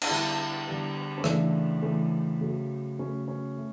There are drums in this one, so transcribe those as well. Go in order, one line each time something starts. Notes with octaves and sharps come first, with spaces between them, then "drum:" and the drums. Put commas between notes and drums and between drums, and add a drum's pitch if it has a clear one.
D4, drum: cymbal
D3 G3 B3 E4
D3 G3 B3
C#4
C#3 E3 A3 D4, drum: rim click
C#3 E3 A3
C#3 F#3 A3
C#3 F#3 A3 C#4
C#4
A3